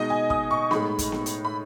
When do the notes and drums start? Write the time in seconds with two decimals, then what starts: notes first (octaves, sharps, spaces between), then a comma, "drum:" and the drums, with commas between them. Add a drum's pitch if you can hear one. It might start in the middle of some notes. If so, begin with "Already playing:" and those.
Already playing: B2 G#3 D#4 D#5
0.10 G#5
0.30 D#6, drum: kick
0.51 C#6
0.71 A2 G#3 D#4 B5, drum: snare B3
0.99 drum: kick, hi-hat
1.12 drum: snare B3
1.26 drum: hi-hat
1.45 B5